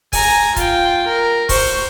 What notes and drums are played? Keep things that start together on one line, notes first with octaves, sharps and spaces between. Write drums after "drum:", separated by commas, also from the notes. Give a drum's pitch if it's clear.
G#5 A#5, drum: kick C#1, open hi-hat
F4 G5, drum: kick C#1, hi-hat
A#4
C5 C#6, drum: kick C#1, open hi-hat